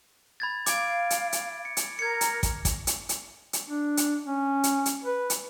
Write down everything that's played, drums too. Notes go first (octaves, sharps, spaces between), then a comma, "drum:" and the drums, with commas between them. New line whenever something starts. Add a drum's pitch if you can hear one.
B5 G#6 A6
F5 D6 G#6 D7, drum: hi-hat
drum: hi-hat
drum: hi-hat
C#7
drum: hi-hat
A#4 G#6 C#7
drum: hi-hat
drum: kick, hi-hat
drum: kick, hi-hat
drum: hi-hat
drum: hi-hat
drum: hi-hat
D4
drum: hi-hat
C#4
drum: hi-hat
drum: hi-hat
B4
drum: hi-hat